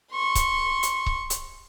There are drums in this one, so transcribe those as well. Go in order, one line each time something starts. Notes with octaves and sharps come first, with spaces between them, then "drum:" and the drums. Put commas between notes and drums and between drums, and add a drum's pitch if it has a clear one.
C6 C#6
drum: kick C#1, hi-hat
drum: hi-hat
drum: kick C#1
drum: hi-hat